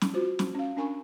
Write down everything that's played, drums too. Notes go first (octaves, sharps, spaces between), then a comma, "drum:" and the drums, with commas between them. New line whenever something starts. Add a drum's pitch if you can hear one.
drum: snare
F4 F#4 C5
drum: snare
C#4 F5
C#4 D4 A#4 G#5 B5 C#6